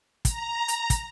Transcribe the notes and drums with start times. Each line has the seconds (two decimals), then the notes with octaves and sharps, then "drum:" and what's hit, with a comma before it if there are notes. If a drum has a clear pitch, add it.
0.25 A#5, drum: kick, hi-hat
0.68 drum: hi-hat
0.90 drum: kick, hi-hat